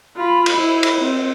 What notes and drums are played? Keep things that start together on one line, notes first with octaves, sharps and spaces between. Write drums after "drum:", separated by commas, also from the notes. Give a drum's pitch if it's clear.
F4 B5
drum: cymbal
E4
drum: cymbal
C4